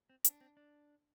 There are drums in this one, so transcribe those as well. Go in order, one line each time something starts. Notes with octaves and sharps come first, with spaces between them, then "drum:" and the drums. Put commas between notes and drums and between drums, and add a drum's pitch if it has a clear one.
C4
C4 D4, drum: hi-hat
C4
D4